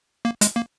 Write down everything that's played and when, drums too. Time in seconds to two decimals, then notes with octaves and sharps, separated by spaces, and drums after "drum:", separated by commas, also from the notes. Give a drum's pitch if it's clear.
0.25 A#3
0.41 G#3, drum: hi-hat
0.56 A#3